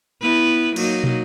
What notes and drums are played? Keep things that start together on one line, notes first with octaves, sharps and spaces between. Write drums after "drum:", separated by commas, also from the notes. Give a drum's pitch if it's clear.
B3 E4 B4
F#3 A#3 D#4, drum: cymbal
drum: tom